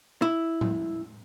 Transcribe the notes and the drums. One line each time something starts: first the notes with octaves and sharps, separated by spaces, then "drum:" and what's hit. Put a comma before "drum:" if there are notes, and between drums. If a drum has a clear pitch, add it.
E4
drum: tom